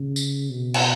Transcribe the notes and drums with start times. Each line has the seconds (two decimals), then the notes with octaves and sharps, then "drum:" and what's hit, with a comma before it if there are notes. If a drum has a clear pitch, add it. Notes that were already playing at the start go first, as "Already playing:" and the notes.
Already playing: C#3
0.16 drum: tambourine
0.50 B2
0.74 drum: cymbal